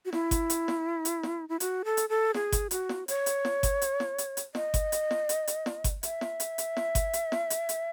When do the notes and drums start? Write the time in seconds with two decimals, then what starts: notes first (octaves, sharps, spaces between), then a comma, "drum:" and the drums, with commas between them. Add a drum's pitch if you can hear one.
0.05 F#4
0.13 E4, drum: snare
0.31 drum: kick G1, hi-hat
0.50 drum: hi-hat
0.68 drum: snare
1.05 drum: hi-hat
1.23 drum: snare
1.49 E4
1.60 F#4, drum: hi-hat
1.85 A4
1.97 drum: hi-hat
2.09 A4
2.34 G#4, drum: snare
2.52 drum: kick G1, hi-hat
2.71 F#4, drum: hi-hat
2.89 drum: snare
3.08 C#5, drum: hi-hat
3.26 drum: hi-hat
3.45 drum: snare
3.63 drum: kick G1, hi-hat
3.82 drum: hi-hat
4.00 drum: snare
4.18 drum: hi-hat
4.37 drum: hi-hat
4.55 D#5, drum: snare
4.74 drum: kick G1, hi-hat
4.92 drum: hi-hat
5.11 drum: snare
5.29 drum: hi-hat
5.47 drum: hi-hat
5.66 drum: snare
5.84 drum: kick G1, hi-hat
6.03 E5, drum: hi-hat
6.21 drum: snare
6.40 drum: hi-hat
6.58 drum: hi-hat
6.77 drum: snare
6.95 drum: kick G1, hi-hat
7.13 drum: hi-hat
7.32 drum: snare
7.50 drum: hi-hat
7.69 drum: hi-hat